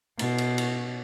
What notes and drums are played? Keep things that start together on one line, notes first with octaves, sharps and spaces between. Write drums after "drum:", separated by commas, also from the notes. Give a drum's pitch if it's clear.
B2, drum: cymbal
drum: cymbal
drum: cymbal